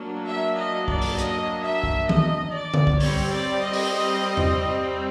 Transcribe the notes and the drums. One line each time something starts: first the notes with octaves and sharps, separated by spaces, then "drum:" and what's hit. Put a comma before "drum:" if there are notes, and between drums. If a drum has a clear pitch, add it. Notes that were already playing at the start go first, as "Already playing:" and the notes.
Already playing: F#3 A#3 D4
E5
D#5
D5, drum: kick
drum: open hi-hat
D#5, drum: hi-hat
E5
drum: kick
D#5, drum: tom D#3
D5
drum: tom D3
drum: kick
G3 C4 C#5, drum: open hi-hat
D5
D#5
drum: open hi-hat
drum: tom E2